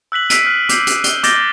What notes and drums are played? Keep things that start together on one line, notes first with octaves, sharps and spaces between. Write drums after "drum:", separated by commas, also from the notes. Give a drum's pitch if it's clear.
E6 F#6 B6 F#7
E6 B6 C7 D7 D#7, drum: hi-hat
D#6 F6 F#6
D6 G6 C7, drum: hi-hat
drum: hi-hat
E6 G7, drum: hi-hat
D6 G6 A6 A#6 D7 G7, drum: hi-hat